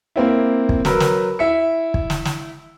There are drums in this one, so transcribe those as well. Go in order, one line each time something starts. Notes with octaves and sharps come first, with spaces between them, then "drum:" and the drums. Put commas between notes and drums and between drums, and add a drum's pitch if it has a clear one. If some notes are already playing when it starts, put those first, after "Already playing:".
A#3 C4 E4
drum: kick
F#3 A#4 B4 B5 E6, drum: snare
drum: snare
E4 E5 C#7
drum: kick
drum: snare
drum: snare